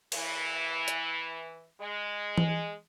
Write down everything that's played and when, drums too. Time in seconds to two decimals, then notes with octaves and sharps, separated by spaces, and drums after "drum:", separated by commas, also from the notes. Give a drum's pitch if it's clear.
0.12 E3, drum: cymbal
0.88 drum: hi-hat
1.79 G#3
2.38 drum: tom E3